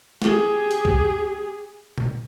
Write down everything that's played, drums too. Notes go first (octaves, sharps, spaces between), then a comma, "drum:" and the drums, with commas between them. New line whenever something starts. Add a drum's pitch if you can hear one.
G4 G#4, drum: snare
drum: open hi-hat
drum: kick C2
drum: tom A#2